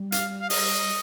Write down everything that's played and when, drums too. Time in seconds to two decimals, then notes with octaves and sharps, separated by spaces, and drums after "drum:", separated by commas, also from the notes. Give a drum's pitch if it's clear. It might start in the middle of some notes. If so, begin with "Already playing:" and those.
Already playing: G3
0.12 F5, drum: hi-hat
0.42 F5
0.50 D#5, drum: open hi-hat